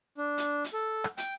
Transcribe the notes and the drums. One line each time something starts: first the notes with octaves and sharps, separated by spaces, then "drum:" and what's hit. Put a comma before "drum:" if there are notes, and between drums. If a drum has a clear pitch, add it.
D4
drum: hi-hat
drum: hi-hat
A4
drum: rim click
G5, drum: hi-hat